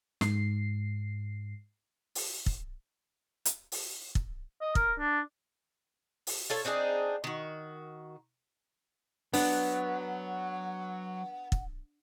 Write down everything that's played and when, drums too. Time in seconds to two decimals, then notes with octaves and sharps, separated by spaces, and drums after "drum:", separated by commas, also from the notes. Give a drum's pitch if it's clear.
0.21 G#2 C7, drum: snare
2.15 drum: open hi-hat
2.46 drum: kick
3.45 drum: hi-hat
3.72 drum: open hi-hat
4.15 drum: kick
4.61 D#5
4.75 A#4, drum: kick
4.99 D4
6.27 drum: open hi-hat
6.50 F4 A4 C#5
6.65 C4 D4 D#4 G#4
7.24 D#3 F#4
9.33 F#3 B3 D4 F#5, drum: open hi-hat
11.52 drum: kick